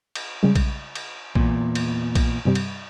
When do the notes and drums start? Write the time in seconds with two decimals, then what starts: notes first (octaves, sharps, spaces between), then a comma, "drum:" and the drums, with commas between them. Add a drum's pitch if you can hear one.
0.15 drum: cymbal
0.43 C#3 G3 G#3
0.55 drum: kick A#1, cymbal
0.95 drum: cymbal
1.35 E2 A#2, drum: kick A#1
1.75 drum: cymbal
2.15 drum: kick A#1, cymbal
2.45 G2 C3 G3
2.55 drum: cymbal